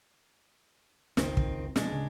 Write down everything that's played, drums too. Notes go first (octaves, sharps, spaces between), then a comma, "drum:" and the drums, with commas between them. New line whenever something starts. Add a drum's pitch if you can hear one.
F#1 C#2 D#3 C4, drum: snare
drum: kick
B2 F3 G#3 D4, drum: snare
D1 C#3